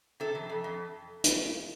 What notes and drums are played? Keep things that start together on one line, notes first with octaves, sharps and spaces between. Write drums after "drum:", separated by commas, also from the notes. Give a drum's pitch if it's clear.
C3 A4
F2
F2
F2
drum: hi-hat